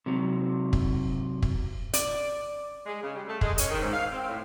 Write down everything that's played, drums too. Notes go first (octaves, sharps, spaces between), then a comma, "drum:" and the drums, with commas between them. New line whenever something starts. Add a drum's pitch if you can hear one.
C3 F#3
drum: kick
drum: kick
D5, drum: hi-hat
G#3
C#3
G3
A3
G#3, drum: kick
C#4, drum: hi-hat
D#3
G#2
F5
C4
A2